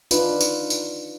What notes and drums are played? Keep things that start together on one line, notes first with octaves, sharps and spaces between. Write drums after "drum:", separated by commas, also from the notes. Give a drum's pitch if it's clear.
D4 D#4 F4 B4, drum: tambourine
drum: tambourine
drum: tambourine